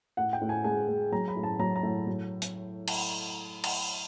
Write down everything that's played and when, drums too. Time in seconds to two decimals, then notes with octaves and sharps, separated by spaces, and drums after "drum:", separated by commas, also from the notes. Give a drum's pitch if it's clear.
0.17 A2 F#5
0.33 G5
0.42 A2
0.49 G#5
0.64 G#3 G#5
0.88 G#3
1.12 F#3 A#5
1.28 B5
1.36 A2
1.43 A5
1.59 F#3 A#5
1.76 A#5
1.83 A2
2.07 F#3
2.42 drum: hi-hat
2.87 drum: cymbal
3.64 drum: cymbal